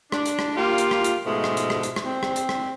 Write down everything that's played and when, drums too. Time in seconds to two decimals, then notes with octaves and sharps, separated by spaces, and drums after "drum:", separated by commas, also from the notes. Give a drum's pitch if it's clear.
0.12 D4, drum: rim click
0.26 drum: hi-hat
0.39 drum: rim click
0.57 A#3 F4 G4
0.78 drum: hi-hat
0.91 drum: rim click
1.04 drum: hi-hat
1.26 G#2 B2 F3 G#3 A3
1.44 drum: rim click
1.57 drum: hi-hat
1.70 drum: rim click
1.83 drum: hi-hat
1.96 drum: rim click
2.06 C4
2.23 drum: rim click
2.36 drum: hi-hat
2.49 drum: rim click